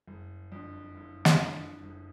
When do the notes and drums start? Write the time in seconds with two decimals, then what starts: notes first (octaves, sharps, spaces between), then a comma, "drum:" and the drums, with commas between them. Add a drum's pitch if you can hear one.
0.08 F#1
0.52 F2 D3
0.95 F#1
1.25 drum: snare
1.39 F2 D3
1.83 F#1